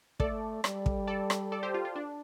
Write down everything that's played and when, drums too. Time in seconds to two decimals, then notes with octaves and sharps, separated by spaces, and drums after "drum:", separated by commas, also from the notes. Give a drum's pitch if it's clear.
0.20 A3 A4 D5, drum: kick
0.64 G3, drum: rim click
0.86 drum: kick
1.07 A4 D5
1.30 drum: rim click
1.52 A4 D5
1.63 G4 C5
1.74 F4
1.85 F4
1.96 D4